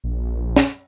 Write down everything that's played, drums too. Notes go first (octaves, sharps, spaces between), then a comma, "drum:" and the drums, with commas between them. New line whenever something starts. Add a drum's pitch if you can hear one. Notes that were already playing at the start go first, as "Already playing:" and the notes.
A#1
drum: snare